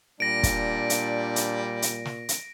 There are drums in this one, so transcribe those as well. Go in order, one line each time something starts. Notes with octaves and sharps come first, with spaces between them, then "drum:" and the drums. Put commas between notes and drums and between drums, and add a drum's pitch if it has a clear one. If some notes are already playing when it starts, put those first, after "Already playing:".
A#2 G3 D4 A#6 D7
drum: kick, hi-hat
drum: hi-hat
drum: hi-hat
drum: hi-hat
drum: snare
drum: hi-hat